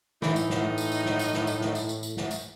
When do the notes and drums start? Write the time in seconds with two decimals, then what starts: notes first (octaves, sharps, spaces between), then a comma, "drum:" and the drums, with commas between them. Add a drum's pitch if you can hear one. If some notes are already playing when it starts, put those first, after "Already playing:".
0.22 A2 E3 D#4, drum: snare
0.36 drum: tambourine
0.50 drum: snare
0.78 drum: tambourine
0.92 drum: tambourine
1.06 drum: snare
1.19 drum: tambourine
1.33 drum: snare
1.47 drum: tambourine
1.61 drum: snare
1.75 drum: tambourine
1.89 drum: tambourine
2.03 drum: tambourine
2.17 drum: snare
2.31 drum: tambourine